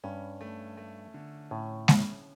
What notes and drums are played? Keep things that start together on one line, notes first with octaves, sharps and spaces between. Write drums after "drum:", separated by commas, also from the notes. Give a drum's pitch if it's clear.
G2 C#4
A3
A3
D3
A2 C#4
C#4, drum: snare G#3